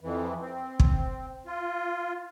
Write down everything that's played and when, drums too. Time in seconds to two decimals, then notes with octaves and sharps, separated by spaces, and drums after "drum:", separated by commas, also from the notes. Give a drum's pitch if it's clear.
0.01 F2 E3
0.40 C4
0.80 drum: kick
1.46 F4